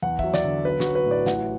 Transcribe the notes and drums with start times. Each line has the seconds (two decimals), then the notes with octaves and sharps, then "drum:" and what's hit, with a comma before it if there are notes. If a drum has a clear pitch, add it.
0.02 E2 F#5
0.19 F#3 E5, drum: kick
0.34 D5, drum: snare
0.44 D3
0.64 B1 B4
0.80 F#4, drum: snare
0.86 F#3
0.95 B4
1.06 A2
1.11 D5
1.26 A1 F#5, drum: snare